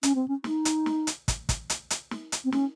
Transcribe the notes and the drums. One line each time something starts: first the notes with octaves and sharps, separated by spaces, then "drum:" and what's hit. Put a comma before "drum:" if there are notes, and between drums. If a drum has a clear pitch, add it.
C#4, drum: hi-hat
C4
C#4
D#4, drum: snare
drum: hi-hat
drum: snare
drum: hi-hat
drum: kick, hi-hat
drum: kick, hi-hat
drum: hi-hat
drum: hi-hat
drum: snare
drum: hi-hat
C4
C#4, drum: snare